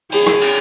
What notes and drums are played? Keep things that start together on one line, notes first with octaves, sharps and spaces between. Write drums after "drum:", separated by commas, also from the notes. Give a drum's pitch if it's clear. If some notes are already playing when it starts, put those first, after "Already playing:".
G#4, drum: cymbal
drum: rim click
drum: cymbal